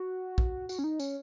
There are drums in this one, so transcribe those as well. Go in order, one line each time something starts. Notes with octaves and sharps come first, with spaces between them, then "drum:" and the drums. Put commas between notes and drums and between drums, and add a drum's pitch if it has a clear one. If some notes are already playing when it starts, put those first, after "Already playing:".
Already playing: F#4
drum: kick
F#4, drum: tambourine
C#4
D#4
C#4, drum: tambourine